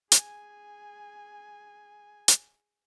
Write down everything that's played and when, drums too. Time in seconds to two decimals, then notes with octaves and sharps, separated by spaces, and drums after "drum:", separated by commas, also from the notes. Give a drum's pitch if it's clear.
0.12 G#4 G#5, drum: hi-hat
2.28 drum: hi-hat